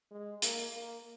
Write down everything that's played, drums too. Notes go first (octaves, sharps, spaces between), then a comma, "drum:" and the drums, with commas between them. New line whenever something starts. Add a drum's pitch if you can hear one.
G#3
A#3, drum: hi-hat
A#3